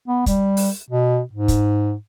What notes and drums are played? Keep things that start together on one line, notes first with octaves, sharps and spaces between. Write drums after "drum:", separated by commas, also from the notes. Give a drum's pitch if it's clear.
B3
G3, drum: kick, hi-hat
drum: open hi-hat
B2
G#2
drum: kick, hi-hat